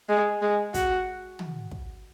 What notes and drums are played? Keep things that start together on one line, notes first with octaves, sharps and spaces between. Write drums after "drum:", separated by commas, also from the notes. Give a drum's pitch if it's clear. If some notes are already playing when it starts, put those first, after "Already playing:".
G#3
G#3
F#4, drum: kick, hi-hat
drum: tom
drum: kick